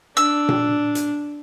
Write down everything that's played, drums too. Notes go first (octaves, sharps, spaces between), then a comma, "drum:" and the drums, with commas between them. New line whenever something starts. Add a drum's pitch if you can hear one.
D4 E6
drum: tom A#2
drum: hi-hat